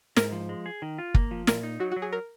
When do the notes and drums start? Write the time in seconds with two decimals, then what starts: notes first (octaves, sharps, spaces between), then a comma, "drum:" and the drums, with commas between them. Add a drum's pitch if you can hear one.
0.17 G#2 A#4, drum: snare
0.32 F3
0.49 G#3
0.66 G#4
0.82 D#3
0.98 F4
1.15 A#3, drum: kick
1.31 F3
1.47 A#2 A#4, drum: snare
1.63 D#4
1.80 F#3 F#4
1.92 F#4
1.96 F#3
2.02 G#4
2.13 A#4